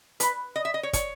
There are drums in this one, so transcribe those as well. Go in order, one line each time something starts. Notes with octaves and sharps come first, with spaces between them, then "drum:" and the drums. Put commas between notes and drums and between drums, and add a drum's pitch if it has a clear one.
B4, drum: hi-hat
D#5
E5
D#5
C#5
C#5, drum: kick, hi-hat